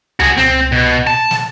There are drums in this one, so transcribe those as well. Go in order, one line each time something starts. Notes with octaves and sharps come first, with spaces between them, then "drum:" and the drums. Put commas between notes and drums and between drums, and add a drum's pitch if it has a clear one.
F#4 G#4, drum: tom C#2
C4, drum: snare
B2
A5
drum: snare